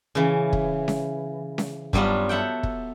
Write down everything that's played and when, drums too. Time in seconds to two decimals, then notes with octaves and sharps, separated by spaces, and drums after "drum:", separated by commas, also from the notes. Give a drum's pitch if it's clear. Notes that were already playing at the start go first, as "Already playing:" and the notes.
0.15 C#3 E3
0.53 drum: kick
0.88 drum: snare C#4
1.58 drum: snare C#4
1.93 G2 F#3 G3 B3 F4, drum: kick
2.29 A4 E5 F#5 G5
2.63 drum: kick